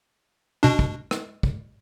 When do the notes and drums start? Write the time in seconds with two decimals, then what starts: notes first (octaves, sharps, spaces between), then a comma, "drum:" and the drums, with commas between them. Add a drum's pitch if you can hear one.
0.63 B2 D4
0.79 drum: kick
1.11 drum: rim click
1.43 drum: kick